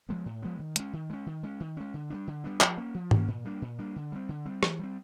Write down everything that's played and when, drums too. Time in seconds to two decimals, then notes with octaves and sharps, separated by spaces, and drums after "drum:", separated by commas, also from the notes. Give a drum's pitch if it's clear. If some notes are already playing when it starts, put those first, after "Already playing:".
0.09 F3 G#3 B3
0.26 A2
0.42 F3 G#3 B3
0.59 D#3
0.76 G#3 C#4, drum: hi-hat
0.93 D#3
1.10 G#3 C#4
1.26 D#3
1.43 G#3 C#4
1.60 D#3
1.77 G#3 C#4
1.94 D3
2.10 G3 B3 D4
2.27 D3
2.44 G3 B3 D4
2.61 F3, drum: clap
2.77 A#3 C#4
2.94 F3
3.11 A#3 C#4, drum: tom G#2
3.28 A#2
3.45 G3 A#3 D4
3.62 A#2
3.79 G3 A#3 D4
3.96 D3
4.12 G3 C4
4.29 D3
4.46 G3 C4
4.63 E3, drum: rim click
4.79 G3 C4